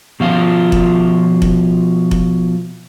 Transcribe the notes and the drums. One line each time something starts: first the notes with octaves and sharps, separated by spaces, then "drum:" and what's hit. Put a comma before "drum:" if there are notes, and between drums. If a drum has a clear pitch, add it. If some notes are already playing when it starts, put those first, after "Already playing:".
B2 F3 F4
drum: kick F1
drum: kick F1
drum: kick F1